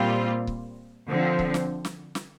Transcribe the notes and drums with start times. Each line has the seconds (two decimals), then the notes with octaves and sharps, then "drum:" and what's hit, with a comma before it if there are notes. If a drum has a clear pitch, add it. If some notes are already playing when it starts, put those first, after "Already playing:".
Already playing: A#2 G3 C4 F4
0.47 drum: kick C#1
1.08 D3 F3 C4
1.39 drum: kick C#1
1.54 drum: snare
1.85 drum: snare
2.15 drum: snare